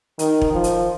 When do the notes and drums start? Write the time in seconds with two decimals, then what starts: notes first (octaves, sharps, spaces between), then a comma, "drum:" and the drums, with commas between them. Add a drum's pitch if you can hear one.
0.19 D#3, drum: hi-hat
0.41 drum: kick E1
0.52 F3
0.64 drum: hi-hat